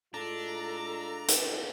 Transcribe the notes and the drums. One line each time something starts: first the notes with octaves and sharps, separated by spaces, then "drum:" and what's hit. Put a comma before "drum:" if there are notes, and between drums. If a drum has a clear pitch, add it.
A2 G#3 D4 F4 A4 A#5
drum: hi-hat